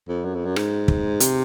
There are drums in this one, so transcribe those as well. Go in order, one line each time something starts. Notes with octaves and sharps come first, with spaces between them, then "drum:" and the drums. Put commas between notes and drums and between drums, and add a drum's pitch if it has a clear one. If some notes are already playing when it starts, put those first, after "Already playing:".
F2
F#2
F2
F#2
G#2, drum: rim click
drum: kick
C3, drum: hi-hat